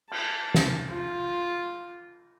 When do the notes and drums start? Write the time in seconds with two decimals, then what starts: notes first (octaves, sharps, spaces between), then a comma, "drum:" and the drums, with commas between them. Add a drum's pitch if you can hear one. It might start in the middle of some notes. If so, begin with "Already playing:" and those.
0.11 A5, drum: cymbal
0.54 drum: snare
0.90 F4